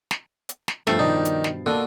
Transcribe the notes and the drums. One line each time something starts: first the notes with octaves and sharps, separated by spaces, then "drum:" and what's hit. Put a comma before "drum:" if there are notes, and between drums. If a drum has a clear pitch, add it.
drum: snare
drum: hi-hat
drum: snare
G2 B2 F3 A3 A6 C7, drum: snare
D#3 D#4 D5
drum: hi-hat
drum: snare
D3 A#3 F#4 A4 D#5